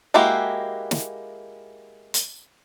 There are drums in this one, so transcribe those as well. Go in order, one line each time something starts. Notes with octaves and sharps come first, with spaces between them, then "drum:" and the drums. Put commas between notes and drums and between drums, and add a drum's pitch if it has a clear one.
G#3 A#3 E4 F#4 G4
drum: snare
drum: hi-hat